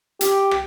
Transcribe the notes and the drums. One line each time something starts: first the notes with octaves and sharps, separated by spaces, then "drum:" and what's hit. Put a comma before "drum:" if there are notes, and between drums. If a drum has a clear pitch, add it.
G4, drum: hi-hat
drum: rim click